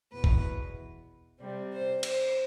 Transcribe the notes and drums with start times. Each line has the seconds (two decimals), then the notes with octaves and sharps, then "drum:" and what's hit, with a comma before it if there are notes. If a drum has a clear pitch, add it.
0.13 E2 B2 B3 B4
0.24 drum: kick
1.40 C3 G3 C4
1.72 C5
2.03 C5, drum: cymbal